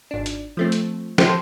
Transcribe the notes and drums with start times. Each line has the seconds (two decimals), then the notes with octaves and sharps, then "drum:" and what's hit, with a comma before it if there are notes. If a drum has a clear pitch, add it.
0.11 G#1 D4
0.26 drum: hi-hat
0.57 F3 A3 C4
0.72 drum: hi-hat
1.18 A4 C5 G5 C6, drum: snare